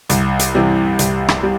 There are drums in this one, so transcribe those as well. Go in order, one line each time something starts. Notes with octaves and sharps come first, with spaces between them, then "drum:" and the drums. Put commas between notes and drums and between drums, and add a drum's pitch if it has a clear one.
C2, drum: hi-hat
drum: hi-hat
C3 E3 G3
C2, drum: hi-hat
drum: rim click
G3